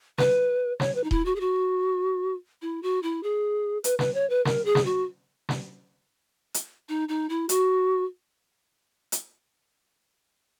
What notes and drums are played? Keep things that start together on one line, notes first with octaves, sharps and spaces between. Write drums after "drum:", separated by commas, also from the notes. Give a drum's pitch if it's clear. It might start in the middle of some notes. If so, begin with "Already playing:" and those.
B4, drum: snare
C#5, drum: snare
B4
D#4
E4, drum: kick D#1
F#4
G#4
F#4
E4
F#4
E4
G#4
B4, drum: hi-hat
B4, drum: snare
C#5
B4
A#4, drum: snare
G#4
drum: snare
F#4
drum: snare
drum: hi-hat
D#4
D#4
E4
F#4, drum: hi-hat
drum: hi-hat